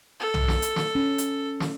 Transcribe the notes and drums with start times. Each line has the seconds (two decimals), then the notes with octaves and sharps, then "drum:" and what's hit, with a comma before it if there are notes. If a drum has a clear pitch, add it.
0.20 A4
0.34 drum: tom B1
0.48 drum: snare
0.62 drum: hi-hat
0.76 drum: snare
0.95 C#4
1.18 drum: hi-hat
1.60 drum: snare